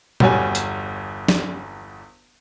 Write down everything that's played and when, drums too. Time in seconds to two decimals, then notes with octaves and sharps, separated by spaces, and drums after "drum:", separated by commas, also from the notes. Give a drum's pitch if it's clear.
0.20 G1 E2 G3 F#4 C#5 G#5, drum: tom
0.55 drum: hi-hat
1.28 drum: snare